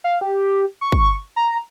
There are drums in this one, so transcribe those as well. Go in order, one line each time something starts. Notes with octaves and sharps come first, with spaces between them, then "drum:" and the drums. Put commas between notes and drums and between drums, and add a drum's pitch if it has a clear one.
F5
G4
C#6
drum: kick
A#5